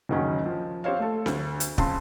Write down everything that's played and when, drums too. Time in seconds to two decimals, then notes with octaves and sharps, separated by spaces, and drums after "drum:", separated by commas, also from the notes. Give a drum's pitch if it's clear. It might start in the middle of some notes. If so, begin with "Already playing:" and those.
0.09 F#1 D2 D#3 F#3 C#4 F#5
0.46 F3
0.84 C4 G4 C5 C#5 F5
0.99 A3 A4
1.26 D2, drum: snare C4
1.60 drum: hi-hat
1.78 C#2 C4 A5 C6, drum: kick